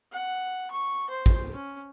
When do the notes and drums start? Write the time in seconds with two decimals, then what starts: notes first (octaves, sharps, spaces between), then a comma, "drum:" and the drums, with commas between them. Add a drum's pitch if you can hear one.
0.12 F#5
0.71 C#6
1.10 C5
1.26 drum: kick
1.53 C#4